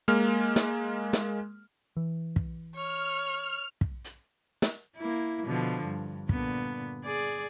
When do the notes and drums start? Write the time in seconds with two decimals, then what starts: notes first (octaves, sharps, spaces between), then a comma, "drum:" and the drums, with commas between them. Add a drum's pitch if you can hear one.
0.08 G#3 A#3 F6
0.56 drum: snare
1.13 drum: snare
1.97 E3
2.36 drum: kick
2.75 C#5 F6
3.81 drum: kick
4.05 drum: hi-hat
4.62 drum: snare
4.97 A#3 E4
5.46 B2 D3 F3
5.85 G2
6.29 A#2 D3 B3, drum: kick
7.04 G#4 D5